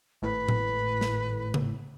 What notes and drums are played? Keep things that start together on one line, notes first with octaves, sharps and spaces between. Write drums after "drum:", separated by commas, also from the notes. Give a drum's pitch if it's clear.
G#1 A2 B4
drum: tom A2
drum: snare
drum: tom C#3